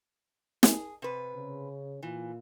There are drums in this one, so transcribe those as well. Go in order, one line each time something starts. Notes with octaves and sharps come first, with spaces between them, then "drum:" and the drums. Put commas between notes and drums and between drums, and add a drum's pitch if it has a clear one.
G#4, drum: snare
C3 B4
C#3 C#4
A#2 E3 F4